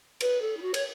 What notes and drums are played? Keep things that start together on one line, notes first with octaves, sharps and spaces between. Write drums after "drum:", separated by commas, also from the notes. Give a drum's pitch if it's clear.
B4, drum: cymbal
A4
E4
F#4
C#5, drum: cymbal